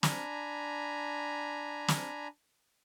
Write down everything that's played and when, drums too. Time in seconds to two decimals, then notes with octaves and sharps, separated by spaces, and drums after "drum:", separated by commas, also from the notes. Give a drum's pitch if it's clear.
0.03 D4 G#5 A#5 B5, drum: snare
1.88 drum: snare